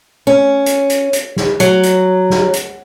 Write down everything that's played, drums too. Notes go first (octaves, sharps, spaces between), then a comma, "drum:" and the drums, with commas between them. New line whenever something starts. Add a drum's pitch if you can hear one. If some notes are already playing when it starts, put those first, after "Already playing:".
C#4
drum: hi-hat
drum: hi-hat
drum: hi-hat
drum: snare
F#3, drum: hi-hat
drum: hi-hat
drum: snare
drum: hi-hat